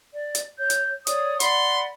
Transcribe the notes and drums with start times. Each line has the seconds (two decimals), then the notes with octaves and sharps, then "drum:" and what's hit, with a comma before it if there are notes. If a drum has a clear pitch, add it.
0.14 D5
0.35 drum: hi-hat
0.59 C#5 G6
0.70 drum: hi-hat
1.07 C#5 D5 D#6, drum: hi-hat
1.40 D5 F#5 B5 C6, drum: hi-hat